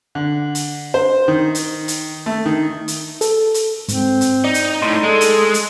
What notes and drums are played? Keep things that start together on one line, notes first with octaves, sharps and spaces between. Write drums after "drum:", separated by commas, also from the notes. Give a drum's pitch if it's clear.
D3
drum: hi-hat
C5
D#3
drum: hi-hat
drum: hi-hat
A3
D#3
drum: hi-hat
A4, drum: hi-hat
drum: hi-hat
G#2 C4, drum: hi-hat
drum: hi-hat
D#4 D5
drum: hi-hat
A2 D#4 C6
G#3 A4
drum: hi-hat
drum: hi-hat